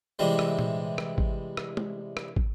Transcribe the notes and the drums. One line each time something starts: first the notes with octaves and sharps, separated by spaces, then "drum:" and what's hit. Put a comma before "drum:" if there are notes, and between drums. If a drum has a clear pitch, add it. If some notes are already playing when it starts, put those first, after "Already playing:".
C3 E3 G3 G#3
drum: rim click
drum: tom A#2
drum: rim click
drum: kick
drum: rim click
drum: tom
drum: rim click
drum: kick